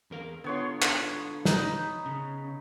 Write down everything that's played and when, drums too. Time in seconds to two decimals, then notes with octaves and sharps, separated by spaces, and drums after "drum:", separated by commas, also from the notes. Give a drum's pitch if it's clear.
0.11 E2 A#4 F5
0.44 D3 B3 F4 C#5 C6
0.82 drum: clap
1.45 D#4 B4, drum: snare
2.06 C#3